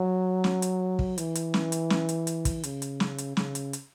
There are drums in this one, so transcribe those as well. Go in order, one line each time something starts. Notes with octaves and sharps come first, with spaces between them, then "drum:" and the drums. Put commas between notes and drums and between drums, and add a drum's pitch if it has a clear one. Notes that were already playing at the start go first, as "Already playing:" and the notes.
Already playing: F#3
drum: snare
drum: hi-hat
drum: kick
E3, drum: hi-hat
drum: hi-hat
drum: snare
drum: hi-hat
drum: snare
drum: hi-hat
drum: hi-hat
drum: kick, hi-hat
C#3, drum: hi-hat
drum: hi-hat
drum: snare
drum: hi-hat
C#3, drum: snare
drum: hi-hat
drum: hi-hat